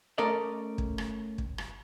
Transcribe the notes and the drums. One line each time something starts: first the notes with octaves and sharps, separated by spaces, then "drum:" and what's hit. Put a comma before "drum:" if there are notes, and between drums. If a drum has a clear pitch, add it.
A3 C#4 A4 A#4 D5 D#5
drum: kick
drum: rim click
drum: kick
drum: rim click